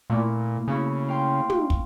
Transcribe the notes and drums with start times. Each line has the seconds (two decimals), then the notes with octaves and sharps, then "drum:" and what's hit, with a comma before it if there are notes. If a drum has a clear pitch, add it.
0.10 A#2 A3 A#3 E4
0.68 C#3 C#4 E4 F#4
1.09 F5 G5 C6
1.50 drum: tom
1.70 drum: kick